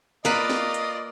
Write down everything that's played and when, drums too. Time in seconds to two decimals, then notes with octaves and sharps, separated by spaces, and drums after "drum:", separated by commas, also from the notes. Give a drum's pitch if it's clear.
0.25 A#3 F4 B4 D5 D#5, drum: snare
0.50 drum: snare
0.74 drum: hi-hat